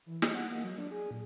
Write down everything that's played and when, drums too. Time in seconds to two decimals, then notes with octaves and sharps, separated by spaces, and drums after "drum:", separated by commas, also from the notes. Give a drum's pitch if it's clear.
0.06 E3
0.22 D#5, drum: snare
0.35 F#5
0.52 A#3
0.64 F#3
0.78 D4
0.91 G#4
1.11 A#2